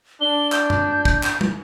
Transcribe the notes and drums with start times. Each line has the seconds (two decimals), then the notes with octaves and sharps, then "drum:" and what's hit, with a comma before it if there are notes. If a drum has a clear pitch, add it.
0.21 D4 G7
0.52 G6, drum: clap
0.70 drum: tom F#2
1.05 drum: kick
1.23 drum: clap
1.41 drum: tom